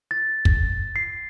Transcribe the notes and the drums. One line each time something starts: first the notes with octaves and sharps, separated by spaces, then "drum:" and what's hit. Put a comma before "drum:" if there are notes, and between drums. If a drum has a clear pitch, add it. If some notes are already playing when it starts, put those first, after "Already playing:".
A6
drum: kick
C7